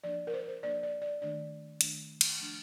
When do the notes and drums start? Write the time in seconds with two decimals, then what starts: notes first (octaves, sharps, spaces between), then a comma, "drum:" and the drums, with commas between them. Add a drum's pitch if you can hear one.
0.04 F3 A#3 D4 D5
0.27 A#4
0.34 C5
0.48 C5
0.63 F3 A#3 D4 D5
0.83 D5
1.02 D5
1.22 D#3 A3 D4 D5
1.81 D#3 A3 D4, drum: hi-hat
2.21 drum: cymbal
2.39 F3 A3 D4